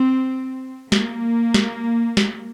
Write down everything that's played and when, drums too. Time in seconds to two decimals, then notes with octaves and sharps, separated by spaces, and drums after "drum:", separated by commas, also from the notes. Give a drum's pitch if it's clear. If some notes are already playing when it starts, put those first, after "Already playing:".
Already playing: C4
0.92 A#3, drum: snare
1.54 drum: snare
2.17 drum: snare